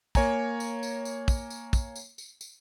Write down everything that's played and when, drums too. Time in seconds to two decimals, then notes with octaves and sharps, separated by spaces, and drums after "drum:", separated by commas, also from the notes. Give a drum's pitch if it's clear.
0.15 A#3 C#5 G#5 A#5, drum: kick, tambourine
0.60 drum: tambourine
0.83 drum: tambourine
1.05 drum: tambourine
1.28 drum: kick, tambourine
1.50 drum: tambourine
1.73 drum: kick, tambourine
1.96 drum: tambourine
2.18 drum: tambourine
2.41 drum: tambourine